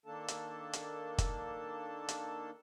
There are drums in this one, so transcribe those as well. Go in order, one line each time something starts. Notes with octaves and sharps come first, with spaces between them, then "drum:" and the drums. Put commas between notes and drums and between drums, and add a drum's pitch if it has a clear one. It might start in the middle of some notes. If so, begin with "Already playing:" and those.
D#3 A#3 D4 A4 A5
drum: hi-hat
drum: hi-hat
drum: kick, hi-hat
drum: hi-hat